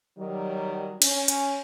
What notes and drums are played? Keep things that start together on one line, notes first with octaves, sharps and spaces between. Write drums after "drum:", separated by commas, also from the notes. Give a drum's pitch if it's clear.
D#3 F#3 G3
C#4, drum: cymbal
drum: hi-hat